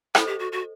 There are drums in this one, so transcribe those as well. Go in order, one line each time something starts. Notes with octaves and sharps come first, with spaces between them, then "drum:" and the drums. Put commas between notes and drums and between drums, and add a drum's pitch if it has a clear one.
E4 A4 C5 D#5, drum: rim click
G4
F#4
F#4